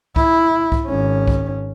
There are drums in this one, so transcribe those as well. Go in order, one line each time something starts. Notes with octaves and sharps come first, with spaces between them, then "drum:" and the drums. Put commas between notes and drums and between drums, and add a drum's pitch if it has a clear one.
E4, drum: kick C2
drum: kick C2
G#1 C#4
drum: kick C2